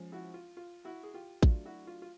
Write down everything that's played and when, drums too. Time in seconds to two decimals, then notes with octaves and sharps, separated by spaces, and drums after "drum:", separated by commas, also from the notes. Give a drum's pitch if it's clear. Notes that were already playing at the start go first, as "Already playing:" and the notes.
Already playing: F3 G#3 C#4
0.12 E4 F#4
0.34 F4
0.57 F4
0.85 E4 F#4
1.03 G#4
1.14 F4 G4
1.43 F#3 A3 D4 F4, drum: kick A1
1.65 E4 F#4
1.87 F4
2.02 F4